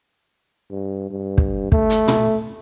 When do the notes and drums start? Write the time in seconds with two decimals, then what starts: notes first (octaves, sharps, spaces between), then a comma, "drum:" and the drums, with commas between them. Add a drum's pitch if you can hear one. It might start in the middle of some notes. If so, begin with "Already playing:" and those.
0.70 G2
1.10 G2
1.38 drum: kick
1.72 A3, drum: kick
1.90 drum: hi-hat
2.08 drum: tom